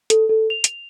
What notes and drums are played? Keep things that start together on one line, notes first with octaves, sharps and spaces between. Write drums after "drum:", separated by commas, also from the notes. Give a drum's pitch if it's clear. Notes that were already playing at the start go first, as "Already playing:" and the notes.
A4, drum: hi-hat
A4
F7
drum: hi-hat